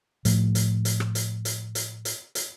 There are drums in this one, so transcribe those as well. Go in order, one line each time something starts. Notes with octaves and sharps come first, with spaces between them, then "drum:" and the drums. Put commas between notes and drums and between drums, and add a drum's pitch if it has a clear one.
A2 F3 A3, drum: hi-hat
drum: hi-hat
drum: hi-hat
drum: rim click
drum: hi-hat
drum: hi-hat
drum: hi-hat
drum: hi-hat
drum: hi-hat